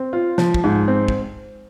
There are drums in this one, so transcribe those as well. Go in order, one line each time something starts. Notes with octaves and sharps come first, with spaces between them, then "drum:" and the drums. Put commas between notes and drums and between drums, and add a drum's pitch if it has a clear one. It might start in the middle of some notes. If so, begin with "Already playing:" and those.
Already playing: C4
F4
F3, drum: snare
drum: kick
G#2
C4
drum: kick